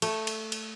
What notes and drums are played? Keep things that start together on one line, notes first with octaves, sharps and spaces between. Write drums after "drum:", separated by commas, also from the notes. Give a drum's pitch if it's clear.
A3, drum: cymbal
drum: cymbal
drum: cymbal